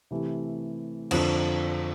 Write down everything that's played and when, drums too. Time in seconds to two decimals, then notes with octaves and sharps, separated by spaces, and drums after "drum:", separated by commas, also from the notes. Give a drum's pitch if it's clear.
0.11 C3 E3 A3 E4
1.11 F2 D3 F3 C4 F4, drum: cymbal